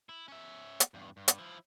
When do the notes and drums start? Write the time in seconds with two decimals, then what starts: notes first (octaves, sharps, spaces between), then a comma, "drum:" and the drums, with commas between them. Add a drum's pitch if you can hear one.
0.09 E4
0.28 C#4 E5
0.80 drum: hi-hat
0.94 E2 G2
1.17 G2
1.28 drum: hi-hat
1.38 F3 E4